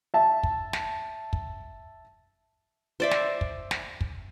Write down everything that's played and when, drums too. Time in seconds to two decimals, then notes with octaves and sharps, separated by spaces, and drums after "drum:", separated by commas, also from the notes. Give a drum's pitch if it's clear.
0.14 E5 A5
0.43 drum: kick
0.73 drum: snare
1.33 drum: kick
3.00 C5 D5 E5
3.11 drum: snare
3.41 drum: kick
3.71 drum: snare
4.01 drum: kick